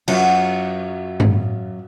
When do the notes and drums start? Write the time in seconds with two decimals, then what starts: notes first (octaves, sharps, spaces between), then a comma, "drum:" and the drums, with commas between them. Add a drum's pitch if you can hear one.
0.08 F#2 F#3 F4, drum: cymbal
1.20 drum: tom G2